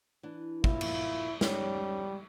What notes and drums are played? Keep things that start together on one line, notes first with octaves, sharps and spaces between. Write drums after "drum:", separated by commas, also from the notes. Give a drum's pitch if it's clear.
E3 D4
A#2 F3 E4 F5, drum: kick
drum: cymbal
G3 C#4 D#4, drum: snare